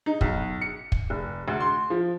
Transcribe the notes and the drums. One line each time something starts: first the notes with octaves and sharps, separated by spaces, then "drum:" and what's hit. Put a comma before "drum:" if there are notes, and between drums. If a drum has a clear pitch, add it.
D#4
B1, drum: kick
C#7
drum: kick
F1
D2
C6
F3